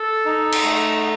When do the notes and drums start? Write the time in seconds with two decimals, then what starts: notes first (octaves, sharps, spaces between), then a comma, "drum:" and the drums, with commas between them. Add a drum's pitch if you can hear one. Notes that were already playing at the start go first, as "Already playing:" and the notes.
Already playing: A4
0.26 D#4
0.52 drum: cymbal
0.64 A3